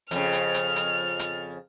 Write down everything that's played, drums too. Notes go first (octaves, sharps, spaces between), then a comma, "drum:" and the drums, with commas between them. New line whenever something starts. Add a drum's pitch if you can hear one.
F2 C#3 F6, drum: hi-hat
drum: hi-hat
drum: hi-hat
drum: hi-hat
drum: hi-hat